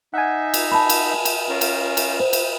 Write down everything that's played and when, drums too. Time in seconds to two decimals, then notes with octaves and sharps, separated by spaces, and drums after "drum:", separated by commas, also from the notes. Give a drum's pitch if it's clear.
0.14 D#4 E5 F#5 G#5
0.54 drum: cymbal
0.72 A5 B5
0.90 drum: cymbal
1.25 drum: cymbal
1.49 C#4 F4 A#4
1.61 drum: cymbal
1.97 drum: cymbal
2.20 C5
2.33 drum: cymbal